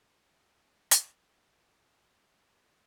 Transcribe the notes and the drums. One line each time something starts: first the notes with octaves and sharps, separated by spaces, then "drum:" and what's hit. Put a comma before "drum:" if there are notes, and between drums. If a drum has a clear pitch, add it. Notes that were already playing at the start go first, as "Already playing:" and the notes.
F#3 D#6
drum: hi-hat